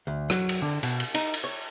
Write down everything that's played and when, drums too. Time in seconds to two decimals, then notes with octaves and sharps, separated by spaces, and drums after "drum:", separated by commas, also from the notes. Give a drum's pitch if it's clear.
0.07 D2
0.30 F#3, drum: rim click
0.49 drum: cymbal
0.62 D3
0.83 B2, drum: cymbal
1.00 drum: cymbal
1.15 D#4, drum: cymbal
1.34 drum: cymbal
1.44 C#5